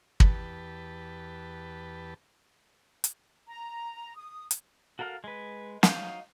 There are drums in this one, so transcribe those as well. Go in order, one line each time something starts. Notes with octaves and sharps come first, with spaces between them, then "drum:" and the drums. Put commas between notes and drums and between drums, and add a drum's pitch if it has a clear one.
E2 G4 B4 A5, drum: kick
drum: hi-hat
A#5
D#6
drum: hi-hat
F#4 A4 A#4 F5
G#3 B4
F#3 D#4 F5 G6, drum: snare